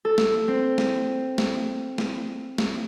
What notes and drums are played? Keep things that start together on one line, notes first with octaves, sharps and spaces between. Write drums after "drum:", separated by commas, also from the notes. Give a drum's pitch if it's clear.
A4
drum: snare
C4
drum: snare
drum: snare
drum: snare
drum: snare